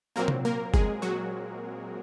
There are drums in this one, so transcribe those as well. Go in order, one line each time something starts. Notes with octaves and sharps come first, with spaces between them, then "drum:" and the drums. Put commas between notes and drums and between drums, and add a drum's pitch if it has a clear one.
A#2 F#3 A#3 C4 A#4
drum: tom C3
A#3 A#4
G#3 G#4, drum: kick
F#3 F#4